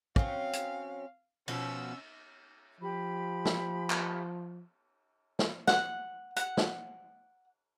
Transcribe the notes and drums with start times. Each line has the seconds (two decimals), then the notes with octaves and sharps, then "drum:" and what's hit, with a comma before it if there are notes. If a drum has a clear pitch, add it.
0.16 F#3 C4 C#4 F5, drum: kick
0.53 drum: hi-hat
1.48 B2 F3 B3 C#4 E6, drum: cymbal
2.81 F3 G4 B5
3.45 drum: snare
3.90 drum: clap
5.39 drum: snare
5.67 F#5, drum: snare
6.36 F#5, drum: hi-hat
6.57 drum: snare